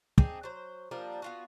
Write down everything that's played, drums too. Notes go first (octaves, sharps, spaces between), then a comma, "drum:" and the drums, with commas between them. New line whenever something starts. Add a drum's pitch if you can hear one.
C4 D4 D#4 G#4, drum: kick
F#3 C5
F3 G3 A#3 D4
B3 F4 F#4